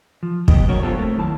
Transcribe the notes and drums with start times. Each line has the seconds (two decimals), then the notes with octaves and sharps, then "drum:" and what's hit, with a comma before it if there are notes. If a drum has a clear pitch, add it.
0.23 F3
0.48 B1 G2 A#2 B3 G4 D#5, drum: kick
0.68 F#3 A#3 D4 F#4 A#4 C#5
0.83 B3 F4 G4 A4 C5 C#5
0.98 A3 A#3 C4
1.17 D#2 F#3 E4 A5